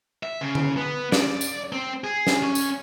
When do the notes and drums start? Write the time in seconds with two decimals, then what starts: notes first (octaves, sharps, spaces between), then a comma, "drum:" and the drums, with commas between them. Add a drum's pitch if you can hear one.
0.23 E5
0.41 C#3
0.55 drum: tom D3
0.77 B3
1.12 D5, drum: snare
1.41 drum: tambourine
1.73 C4
2.04 G#4
2.27 drum: snare
2.42 C#4
2.55 drum: tambourine